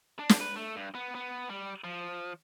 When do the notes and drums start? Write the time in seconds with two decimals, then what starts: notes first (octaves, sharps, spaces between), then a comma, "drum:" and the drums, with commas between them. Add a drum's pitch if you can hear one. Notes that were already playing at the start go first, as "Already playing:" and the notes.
0.19 D4
0.29 drum: snare
0.41 B4
0.56 A3
0.76 G2
0.95 B3
1.15 B3
1.50 G3
1.84 F3